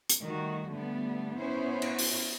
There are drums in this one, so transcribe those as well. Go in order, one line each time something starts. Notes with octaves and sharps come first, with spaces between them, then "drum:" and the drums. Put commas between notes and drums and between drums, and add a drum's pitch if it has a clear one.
drum: hi-hat
D#3 G3 A3 F#4
D3 G3 A3 B3
B3 C#4 E4 C5 C#5
drum: cymbal
drum: open hi-hat